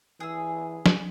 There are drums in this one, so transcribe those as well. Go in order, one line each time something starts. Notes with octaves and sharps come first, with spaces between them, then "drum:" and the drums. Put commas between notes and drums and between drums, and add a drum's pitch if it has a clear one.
E3 G#4 E6
drum: snare